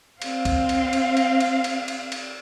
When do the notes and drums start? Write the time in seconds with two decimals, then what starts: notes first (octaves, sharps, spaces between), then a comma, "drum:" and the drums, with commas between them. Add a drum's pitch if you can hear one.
0.22 C4 F5, drum: cymbal
0.45 drum: kick, cymbal
0.69 drum: cymbal
0.93 drum: cymbal
1.17 drum: cymbal
1.40 drum: cymbal
1.64 drum: cymbal
1.88 drum: cymbal
2.12 drum: cymbal